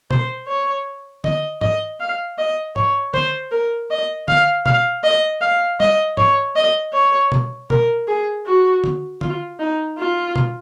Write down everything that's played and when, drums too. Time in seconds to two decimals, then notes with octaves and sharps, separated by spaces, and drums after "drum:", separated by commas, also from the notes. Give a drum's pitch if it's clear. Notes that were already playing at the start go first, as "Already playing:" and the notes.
0.11 C5, drum: tom B2
0.47 C#5
1.24 D#5, drum: tom D3
1.61 D#5, drum: tom G#2
2.00 F5
2.38 D#5
2.76 C#5, drum: tom G#2
3.14 C5, drum: tom D3
3.51 A#4
3.90 D#5
4.28 F5, drum: tom D3
4.66 F5, drum: tom B2
5.04 D#5
5.41 F5
5.80 D#5, drum: tom
6.17 C#5, drum: tom G#2
6.56 D#5
6.93 C#5
7.32 drum: tom B2
7.70 A#4, drum: tom B2
8.08 G#4
8.46 F#4
8.84 drum: tom D3
9.21 F4, drum: tom D3
9.60 D#4
9.98 F4
10.36 drum: tom B2